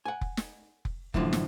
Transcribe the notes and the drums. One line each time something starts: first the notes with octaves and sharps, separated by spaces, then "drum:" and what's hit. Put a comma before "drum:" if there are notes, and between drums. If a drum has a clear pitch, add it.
F#5 G#5
drum: kick F1
drum: snare
drum: kick F1
F#2 A2 D3 E3 F3, drum: kick F1
drum: snare